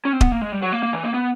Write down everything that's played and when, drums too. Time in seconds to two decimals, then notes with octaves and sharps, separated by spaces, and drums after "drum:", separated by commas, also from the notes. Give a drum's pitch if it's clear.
0.05 C#4
0.13 C4
0.21 B3, drum: kick D#1
0.32 A#3
0.41 G#3
0.52 G3
0.62 F#3
0.72 A#3
0.83 A#3
0.93 E3
1.04 A#3
1.14 B3